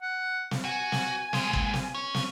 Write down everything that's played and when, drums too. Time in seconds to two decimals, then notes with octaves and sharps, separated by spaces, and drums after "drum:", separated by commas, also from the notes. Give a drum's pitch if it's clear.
0.02 F#5
0.51 drum: snare
0.64 F#4 G#5
0.92 drum: snare
1.33 D#2 G#3, drum: snare
1.53 drum: kick
1.74 drum: snare
1.95 C#4 C#5
2.14 drum: snare